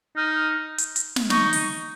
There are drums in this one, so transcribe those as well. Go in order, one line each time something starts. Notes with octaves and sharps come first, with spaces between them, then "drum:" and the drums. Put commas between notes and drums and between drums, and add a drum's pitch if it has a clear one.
D#4 F6
drum: hi-hat
drum: hi-hat
drum: snare
D#4 C#6, drum: snare
drum: open hi-hat